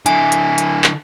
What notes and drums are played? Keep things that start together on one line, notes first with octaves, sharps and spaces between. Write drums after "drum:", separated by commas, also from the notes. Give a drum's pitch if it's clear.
D3 E4 G#5, drum: hi-hat
drum: hi-hat
drum: hi-hat
drum: clap